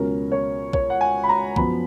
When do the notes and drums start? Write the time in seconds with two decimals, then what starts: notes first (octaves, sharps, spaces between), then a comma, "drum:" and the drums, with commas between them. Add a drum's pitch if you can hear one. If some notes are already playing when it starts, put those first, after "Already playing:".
Already playing: C#2 B2 F#3 C#4 A#4
0.32 C#5
0.73 C#5, drum: kick
0.90 F#5
1.01 G#5
1.23 B5
1.29 A#5
1.56 F#2 F3 B3 B5, drum: kick